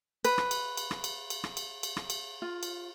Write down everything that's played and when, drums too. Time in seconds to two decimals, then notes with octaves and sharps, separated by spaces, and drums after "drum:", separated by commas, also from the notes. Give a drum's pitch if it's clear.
0.25 B4, drum: cymbal
0.38 drum: rim click
0.51 drum: cymbal
0.77 drum: cymbal
0.91 drum: rim click
1.04 drum: cymbal
1.30 drum: cymbal
1.44 drum: rim click
1.57 drum: cymbal
1.83 drum: cymbal
1.96 drum: rim click
2.10 drum: cymbal
2.42 F4
2.63 drum: cymbal